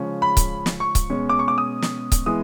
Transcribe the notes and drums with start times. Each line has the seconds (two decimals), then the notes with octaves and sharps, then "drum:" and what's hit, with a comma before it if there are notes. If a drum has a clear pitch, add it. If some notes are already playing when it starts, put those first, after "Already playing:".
Already playing: C#3 F3 G#3 C#4
0.22 B5
0.37 drum: kick C#1, hi-hat
0.66 drum: snare
0.80 C#6
0.95 drum: kick C#1, hi-hat
1.10 B2 G#3 C#4
1.29 D6
1.39 C#6
1.48 D6
1.58 D#6
1.82 drum: snare
2.12 drum: kick C#1, hi-hat
2.26 E3 G#3 B3 D#6